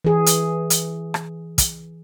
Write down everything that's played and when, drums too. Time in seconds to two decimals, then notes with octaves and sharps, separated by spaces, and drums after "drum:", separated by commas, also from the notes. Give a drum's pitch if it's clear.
0.05 E3 G#4
0.26 drum: hi-hat
0.70 drum: hi-hat
1.14 drum: rim click
1.58 drum: kick, hi-hat